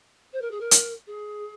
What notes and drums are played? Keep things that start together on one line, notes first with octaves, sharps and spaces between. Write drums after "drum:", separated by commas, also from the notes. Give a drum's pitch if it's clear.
C5
A#4
G#4
A#4
drum: hi-hat
G#4